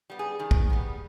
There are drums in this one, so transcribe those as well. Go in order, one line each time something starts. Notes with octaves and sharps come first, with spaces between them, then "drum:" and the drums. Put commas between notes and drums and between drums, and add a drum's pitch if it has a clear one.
G3 B3
G#4
D#3
drum: kick
G3 B3